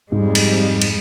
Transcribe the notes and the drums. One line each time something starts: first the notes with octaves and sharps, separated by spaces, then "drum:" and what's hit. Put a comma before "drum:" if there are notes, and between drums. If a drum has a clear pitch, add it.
F2 G#2 G3 G#3
drum: cymbal
drum: cymbal